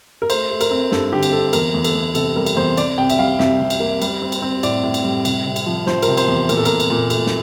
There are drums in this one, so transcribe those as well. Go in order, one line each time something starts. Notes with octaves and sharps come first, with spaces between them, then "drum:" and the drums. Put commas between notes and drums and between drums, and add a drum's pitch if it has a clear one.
A#4
A3 C5, drum: cymbal
A3
A#4, drum: cymbal
C4
G2 A4, drum: snare
D3 G4
drum: cymbal
C4 A4
E2 A#4, drum: cymbal
E2
A4, drum: cymbal
E2
C3 A4, drum: cymbal
G3 A#4
drum: cymbal
E2 C5
C2 D5, drum: cymbal
C2 G5
E5, drum: cymbal
G3 F5
C2 E5, drum: snare
C3
drum: cymbal
A#3
G3, drum: cymbal
C4
drum: cymbal
C4
A2 D5, drum: cymbal
A2
drum: cymbal
G3
C3, drum: cymbal
C3
drum: cymbal
F3
F3 C5, drum: snare
A#4, drum: cymbal
C3
C5, drum: cymbal
E2
A#2 A#4, drum: cymbal
A4
A#2 A#4, drum: cymbal
drum: cymbal
A#2
A3, drum: cymbal
drum: snare